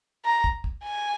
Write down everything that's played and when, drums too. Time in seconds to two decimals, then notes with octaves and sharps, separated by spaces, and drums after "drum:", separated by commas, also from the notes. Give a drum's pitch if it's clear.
0.25 A#5
0.44 drum: kick
0.64 drum: kick
0.83 G#5